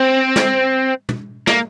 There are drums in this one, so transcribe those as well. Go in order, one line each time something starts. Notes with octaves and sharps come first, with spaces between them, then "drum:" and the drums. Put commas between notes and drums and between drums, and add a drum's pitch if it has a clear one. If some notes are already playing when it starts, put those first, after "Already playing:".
Already playing: C4
drum: snare
drum: tom
A#3, drum: snare